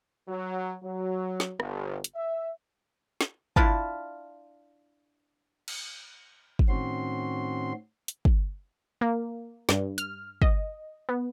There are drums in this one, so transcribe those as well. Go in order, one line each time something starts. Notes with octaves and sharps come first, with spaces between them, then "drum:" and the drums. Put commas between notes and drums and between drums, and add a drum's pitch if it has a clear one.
F#3
F#3
drum: snare
G1, drum: rim click
drum: hi-hat
E5
drum: snare
D4 E4 F4 A5, drum: kick
drum: cymbal
drum: kick
A2 D#3 C4 C#4 F#4 C6
drum: hi-hat
drum: kick
A#3
G2, drum: snare
F6, drum: hi-hat
D#5, drum: kick
B3